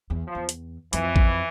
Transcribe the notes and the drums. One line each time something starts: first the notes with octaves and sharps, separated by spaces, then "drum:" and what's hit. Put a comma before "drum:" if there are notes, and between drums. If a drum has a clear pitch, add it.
E2
F3
E2
drum: hi-hat
F2 E3, drum: hi-hat
drum: kick